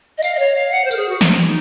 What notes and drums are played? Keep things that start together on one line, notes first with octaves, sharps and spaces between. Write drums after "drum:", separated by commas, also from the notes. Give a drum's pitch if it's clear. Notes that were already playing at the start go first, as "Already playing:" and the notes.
D#5
F5, drum: tambourine
D#5
C#5
F5
F#5
C5
A#4, drum: tambourine
G#4
F#4
drum: snare
D#4